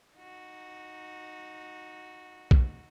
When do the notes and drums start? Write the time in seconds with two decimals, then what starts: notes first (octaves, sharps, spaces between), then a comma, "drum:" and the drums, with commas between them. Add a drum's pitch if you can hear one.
0.16 D#4 F#4
2.51 drum: kick B1